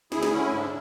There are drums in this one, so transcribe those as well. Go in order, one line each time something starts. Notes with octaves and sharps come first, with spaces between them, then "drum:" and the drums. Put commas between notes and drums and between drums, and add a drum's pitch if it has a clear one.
D2 E4 G#4, drum: snare
drum: snare
D3 C#4 E4
G#2 E4
D4